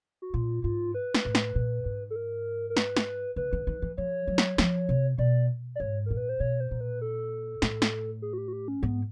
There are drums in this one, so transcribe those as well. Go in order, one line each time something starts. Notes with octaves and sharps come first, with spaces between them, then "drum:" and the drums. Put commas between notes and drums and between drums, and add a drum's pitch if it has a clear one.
F#4
A#2 F4
G#2 F4
B4
drum: snare
A2
drum: snare
A#2
G#2
A4
A#4
A#4
B4, drum: snare
drum: snare
C#3 B4
D3
D#3
E3
F3 C#5
F#3
drum: snare
F3, drum: snare
C3
B2 D5
D5
G#2 C#5
A#2 A#4
B4
C5
B2 C#5
C5
A#2
B4
A4
A2, drum: snare
drum: snare
G#4
F#4
G4
F#4
G4
C#4
G#2 B3